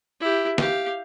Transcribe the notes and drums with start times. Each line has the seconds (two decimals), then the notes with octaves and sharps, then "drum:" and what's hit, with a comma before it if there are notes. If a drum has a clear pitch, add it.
0.20 E4 G4
0.58 G4 F5, drum: snare